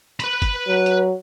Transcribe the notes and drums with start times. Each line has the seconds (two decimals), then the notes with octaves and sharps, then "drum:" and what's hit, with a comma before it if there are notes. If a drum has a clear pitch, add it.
0.20 B4 B5, drum: hi-hat
0.42 drum: kick G1, hi-hat
0.68 F#3
0.86 drum: hi-hat